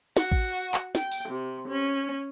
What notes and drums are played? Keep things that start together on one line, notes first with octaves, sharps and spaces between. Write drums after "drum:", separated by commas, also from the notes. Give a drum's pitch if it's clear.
F#4, drum: snare
drum: kick A1
drum: clap
G5, drum: snare
drum: open hi-hat
C3
C#4